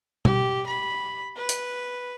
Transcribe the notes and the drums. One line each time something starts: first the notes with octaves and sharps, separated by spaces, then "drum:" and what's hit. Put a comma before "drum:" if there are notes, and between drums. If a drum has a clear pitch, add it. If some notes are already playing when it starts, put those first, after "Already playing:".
G4, drum: tom B2
B5
B4
drum: hi-hat